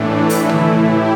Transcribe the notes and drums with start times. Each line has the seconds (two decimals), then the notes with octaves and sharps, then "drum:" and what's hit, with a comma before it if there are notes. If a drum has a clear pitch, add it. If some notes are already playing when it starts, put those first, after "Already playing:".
Already playing: A2 E3 A3 D4
0.30 E4, drum: open hi-hat
0.49 drum: tom
0.83 E4 G4